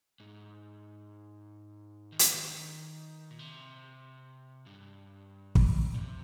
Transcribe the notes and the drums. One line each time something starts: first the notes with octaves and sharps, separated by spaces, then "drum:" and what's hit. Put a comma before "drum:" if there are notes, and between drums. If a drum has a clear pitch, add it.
G#2
D#3
C#3, drum: hi-hat
D#3
A#2
C3
G2
drum: kick
C3